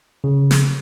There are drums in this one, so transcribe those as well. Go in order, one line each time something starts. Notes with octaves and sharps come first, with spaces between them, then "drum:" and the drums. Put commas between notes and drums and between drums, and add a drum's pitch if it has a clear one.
C#3
drum: snare